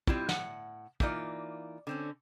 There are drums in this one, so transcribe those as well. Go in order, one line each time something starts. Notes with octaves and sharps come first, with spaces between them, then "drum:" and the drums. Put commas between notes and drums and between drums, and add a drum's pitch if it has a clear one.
G3 C4 E4 F4, drum: kick
A2 F#5, drum: snare
E3 A#3 D#4 F4 D5, drum: kick
D3 C4 C#4